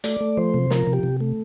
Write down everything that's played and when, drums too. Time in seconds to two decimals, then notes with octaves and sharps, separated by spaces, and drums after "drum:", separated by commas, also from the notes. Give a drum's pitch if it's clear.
0.04 A3 D5, drum: hi-hat
0.21 A3
0.37 F3 C5
0.54 C3
0.70 F3 A#4, drum: snare
0.87 C3
0.93 G4
1.03 C3
1.20 A3